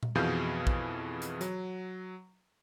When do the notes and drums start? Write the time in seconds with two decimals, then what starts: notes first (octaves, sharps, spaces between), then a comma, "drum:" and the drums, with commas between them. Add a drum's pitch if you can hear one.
0.03 drum: tom A#2
0.15 F2 B2 E3 G#4 F5 G6
0.67 drum: kick
1.22 drum: hi-hat
1.41 F#3, drum: hi-hat